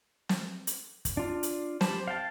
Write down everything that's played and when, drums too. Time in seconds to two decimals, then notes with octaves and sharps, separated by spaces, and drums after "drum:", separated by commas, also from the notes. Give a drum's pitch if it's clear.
0.29 drum: snare
0.67 drum: hi-hat
1.05 drum: kick, hi-hat
1.17 D4 F4
1.43 drum: hi-hat
1.81 G4 C5 A5 B5, drum: snare
2.07 F5 G5 A5